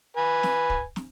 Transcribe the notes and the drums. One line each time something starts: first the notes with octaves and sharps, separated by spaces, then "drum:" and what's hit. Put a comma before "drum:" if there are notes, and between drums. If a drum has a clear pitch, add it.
B4 G#5
drum: snare
drum: kick
drum: snare